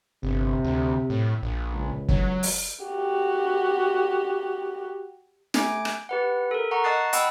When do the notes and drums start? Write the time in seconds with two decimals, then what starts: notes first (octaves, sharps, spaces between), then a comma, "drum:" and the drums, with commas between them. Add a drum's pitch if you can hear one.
0.23 G1 C3
0.65 D2
1.10 A2
1.43 A#1
1.73 C#2
2.09 F#3, drum: kick
2.43 drum: open hi-hat
2.85 F#4 G4
5.54 A3 G#5 D6 D7, drum: snare
5.85 drum: rim click
6.09 G4 B4 F#5
6.51 A4 A#4
6.71 F#5 A#5 C#6
6.84 D#5 A5 D#6 F#6 A6 C7
7.13 D#5 F#5 G5 A5 B5 E6, drum: hi-hat